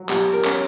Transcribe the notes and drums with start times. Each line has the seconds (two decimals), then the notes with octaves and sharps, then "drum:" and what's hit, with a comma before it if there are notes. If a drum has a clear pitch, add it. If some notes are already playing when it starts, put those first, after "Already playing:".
Already playing: F#3
0.09 B2 G4, drum: clap
0.33 A#4
0.44 C#4, drum: clap